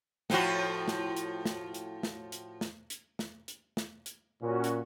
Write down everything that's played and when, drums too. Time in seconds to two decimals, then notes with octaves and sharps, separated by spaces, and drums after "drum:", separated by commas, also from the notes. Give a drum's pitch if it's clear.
0.30 A2 F3 F#4, drum: snare
0.88 drum: snare
1.17 drum: hi-hat
1.45 drum: snare
1.74 drum: hi-hat
2.03 drum: snare
2.32 drum: hi-hat
2.61 drum: snare
2.90 drum: hi-hat
3.19 drum: snare
3.48 drum: hi-hat
3.77 drum: snare
4.06 drum: hi-hat
4.41 A#2 C#4 F#4
4.64 drum: hi-hat